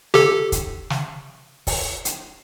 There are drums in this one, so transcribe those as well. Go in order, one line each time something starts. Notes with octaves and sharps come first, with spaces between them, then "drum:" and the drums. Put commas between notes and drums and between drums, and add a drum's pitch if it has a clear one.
G4 A4, drum: snare
drum: kick, hi-hat
drum: snare
drum: kick, open hi-hat
drum: hi-hat